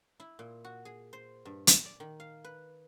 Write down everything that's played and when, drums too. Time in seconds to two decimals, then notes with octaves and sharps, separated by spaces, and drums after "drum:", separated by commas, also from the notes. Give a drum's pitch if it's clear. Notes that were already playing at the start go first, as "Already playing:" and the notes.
0.20 E4
0.39 A#2
0.64 F#4
0.85 G#4
1.13 C5
1.45 G2
1.67 G#5, drum: hi-hat
1.85 D5
2.00 D#3
2.20 F5
2.44 B4